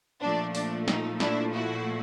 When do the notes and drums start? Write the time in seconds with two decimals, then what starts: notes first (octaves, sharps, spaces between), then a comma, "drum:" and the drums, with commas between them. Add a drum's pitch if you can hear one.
0.22 A#2 F3 A3 D4
0.55 D4, drum: open hi-hat
0.88 D#4, drum: snare
1.20 D4 E4, drum: snare
1.53 E4 F#4